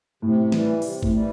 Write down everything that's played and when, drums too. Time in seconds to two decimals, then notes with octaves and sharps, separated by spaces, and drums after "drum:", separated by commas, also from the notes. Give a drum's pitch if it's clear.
0.22 A2 C3
0.52 E3 G3, drum: snare
0.82 C3, drum: open hi-hat
1.03 A2, drum: kick G#1
1.13 E3 G3